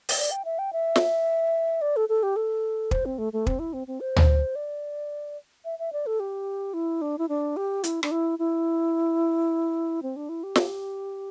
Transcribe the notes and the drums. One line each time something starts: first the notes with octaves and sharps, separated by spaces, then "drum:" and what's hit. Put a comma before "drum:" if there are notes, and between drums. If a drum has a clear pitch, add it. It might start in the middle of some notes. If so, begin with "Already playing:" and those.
drum: open hi-hat
D5
G5
E5
G5
E5
drum: snare
D5
A4
A4
G4
A4
C5, drum: kick
C4
A3
A3
C4, drum: kick
E4
C4
C4
C5
drum: tom
D5
E5
E5
D5
A4
G4
E4
D4
E4
D4
G4
E4, drum: hi-hat
D4, drum: rim click
E4
E4
C4
D4
E4
G4
drum: snare